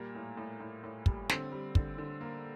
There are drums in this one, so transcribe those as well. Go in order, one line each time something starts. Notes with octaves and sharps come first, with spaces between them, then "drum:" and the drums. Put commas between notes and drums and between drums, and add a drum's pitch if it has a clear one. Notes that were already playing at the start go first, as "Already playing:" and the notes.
Already playing: A#2 G3 A#3
A2
A2
A2
A2
G3, drum: kick
D3 C4, drum: snare
G3
D3, drum: kick
D3
A#3